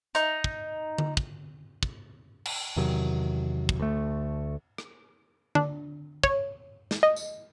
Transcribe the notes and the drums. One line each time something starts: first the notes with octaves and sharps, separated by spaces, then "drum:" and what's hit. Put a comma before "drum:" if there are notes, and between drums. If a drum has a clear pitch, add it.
D#4, drum: hi-hat
drum: kick
drum: tom D3
drum: kick
drum: kick
drum: cymbal
E2 C3 D#3 F#3
drum: kick
D2 A3
drum: rim click
D4, drum: tom D3
C#5, drum: kick
drum: snare
D#5
drum: tambourine